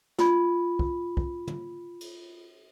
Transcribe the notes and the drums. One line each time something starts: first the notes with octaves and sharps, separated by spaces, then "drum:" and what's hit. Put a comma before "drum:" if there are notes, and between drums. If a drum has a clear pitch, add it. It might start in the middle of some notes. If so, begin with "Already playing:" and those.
F4 B5, drum: snare
drum: kick
drum: kick
drum: tom
drum: cymbal